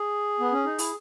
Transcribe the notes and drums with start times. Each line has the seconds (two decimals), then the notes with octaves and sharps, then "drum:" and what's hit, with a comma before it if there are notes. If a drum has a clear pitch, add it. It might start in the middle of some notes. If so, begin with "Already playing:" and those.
Already playing: G#4
0.40 B3
0.52 C#4
0.65 D#4
0.78 E4, drum: open hi-hat